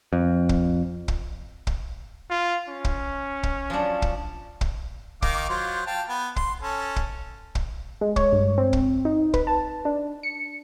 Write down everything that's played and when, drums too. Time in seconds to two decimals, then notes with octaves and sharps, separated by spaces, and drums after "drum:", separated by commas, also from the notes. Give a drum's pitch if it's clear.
0.13 F2
0.49 drum: kick
1.08 drum: kick
1.67 drum: kick
2.31 F4
2.69 C#4
2.85 drum: kick
3.43 drum: kick
3.70 F3 F#3 D4
4.02 drum: kick
4.61 drum: kick
5.22 D#3 F5 D6, drum: kick
5.49 F#3 F4 C5
5.87 F5 G5 A5
6.09 B3
6.36 C6, drum: kick
6.62 C#4 A4
6.96 drum: kick
7.55 drum: kick
8.01 G#3
8.16 C#5, drum: kick
8.32 G2
8.58 C4
8.73 drum: kick
9.05 D#4
9.34 B4, drum: kick
9.47 A5
9.85 D4
10.23 C#7